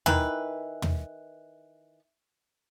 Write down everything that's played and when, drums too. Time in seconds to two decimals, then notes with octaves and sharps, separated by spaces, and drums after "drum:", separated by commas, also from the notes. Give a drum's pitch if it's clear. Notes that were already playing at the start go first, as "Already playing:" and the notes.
0.06 D#3 E3 B4, drum: tom
0.82 drum: tom